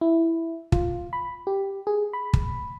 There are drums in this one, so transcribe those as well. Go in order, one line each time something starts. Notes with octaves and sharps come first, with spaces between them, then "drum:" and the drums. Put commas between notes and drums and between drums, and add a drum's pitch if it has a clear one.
E4
F4, drum: kick
B5
G4
G#4
B5
drum: kick